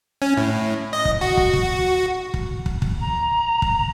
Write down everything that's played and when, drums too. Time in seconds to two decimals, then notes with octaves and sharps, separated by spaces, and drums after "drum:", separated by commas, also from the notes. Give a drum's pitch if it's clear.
0.22 C#4
0.37 A2
0.93 D#5
1.05 drum: kick
1.21 F#4
1.37 drum: kick
1.53 drum: kick
2.34 drum: kick
2.66 drum: kick
2.82 drum: kick
3.00 A#5
3.62 drum: kick